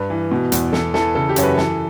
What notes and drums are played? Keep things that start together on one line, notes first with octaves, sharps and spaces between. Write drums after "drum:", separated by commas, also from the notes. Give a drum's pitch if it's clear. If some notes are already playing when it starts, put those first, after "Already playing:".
Already playing: G2 B4
E3
B2
E2, drum: hi-hat
E3 A4, drum: snare
E3 A4, drum: snare
C#3 A4
G4
F#2 C#5, drum: hi-hat
B4
E3 A4, drum: snare